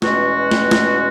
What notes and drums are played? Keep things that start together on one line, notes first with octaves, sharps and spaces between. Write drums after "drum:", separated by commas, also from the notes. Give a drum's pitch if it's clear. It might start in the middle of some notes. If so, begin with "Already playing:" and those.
E2 B2 G#3 C#4 F#4, drum: snare
drum: snare
drum: snare